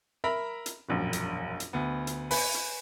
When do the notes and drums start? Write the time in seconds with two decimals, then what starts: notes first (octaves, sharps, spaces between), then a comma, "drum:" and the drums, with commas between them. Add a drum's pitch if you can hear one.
0.24 A#4 E5 A#5 B5
0.66 drum: hi-hat
0.89 E1 A#1 F#2
1.13 drum: hi-hat
1.60 drum: hi-hat
1.73 D2 B3
2.07 drum: hi-hat
2.31 B4 G#5 B5, drum: open hi-hat
2.54 drum: hi-hat